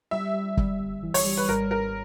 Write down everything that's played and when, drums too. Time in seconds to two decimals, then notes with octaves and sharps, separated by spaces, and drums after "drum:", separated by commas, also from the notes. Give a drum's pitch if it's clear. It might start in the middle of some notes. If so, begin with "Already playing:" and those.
0.11 G3 E5
0.34 G3
0.57 G3, drum: kick
0.79 G1
1.03 E3
1.14 C#5, drum: open hi-hat
1.25 G3
1.37 B4
1.49 G#1 A#4
1.71 G3 A#4